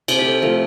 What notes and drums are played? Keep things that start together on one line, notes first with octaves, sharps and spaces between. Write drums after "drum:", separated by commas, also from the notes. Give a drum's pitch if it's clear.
C3 C5, drum: cymbal
G4
A4
F3 A3 A#4